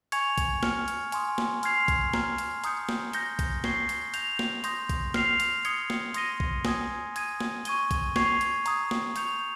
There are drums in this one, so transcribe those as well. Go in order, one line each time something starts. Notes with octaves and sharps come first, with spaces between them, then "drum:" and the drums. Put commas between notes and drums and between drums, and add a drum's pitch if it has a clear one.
G#5 C#6 G#6 C#7 F7, drum: hi-hat
drum: kick, hi-hat
F6 G#6 C#7, drum: snare
drum: hi-hat
G#5 C6 D#6, drum: hi-hat
drum: snare
C6 F6 G#6 C7 F7, drum: hi-hat
drum: kick, hi-hat
A#5 F6 C7, drum: snare
drum: hi-hat
A#5 D#6 G6 C#7, drum: hi-hat
drum: snare
G6 A#6 C#7 G7, drum: hi-hat
drum: kick, hi-hat
C#6 G#6 C7 G7, drum: snare
drum: hi-hat
G6 A#6 F7, drum: hi-hat
drum: snare
C6 D#6 G6 A#6, drum: hi-hat
drum: kick, hi-hat
F6 C7 F7, drum: snare
drum: hi-hat
D#6 G#6 C#7 G7, drum: hi-hat
drum: snare
C6 D#6 A#6 D#7 G7, drum: hi-hat
drum: kick
G#5 D#6 G#6, drum: snare
D#6 G#6 D#7, drum: hi-hat
drum: snare
C#6 G#6 D#7 G7, drum: hi-hat
drum: kick, hi-hat
C#6 G#6 C7 F7, drum: snare
drum: hi-hat
A#5 D#6 G#6, drum: hi-hat
drum: snare
C#6 G6 C#7 F7, drum: hi-hat